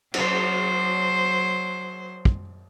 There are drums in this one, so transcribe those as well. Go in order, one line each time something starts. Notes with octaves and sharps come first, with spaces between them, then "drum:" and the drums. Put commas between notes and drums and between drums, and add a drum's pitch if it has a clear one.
F#3 C5, drum: cymbal
drum: kick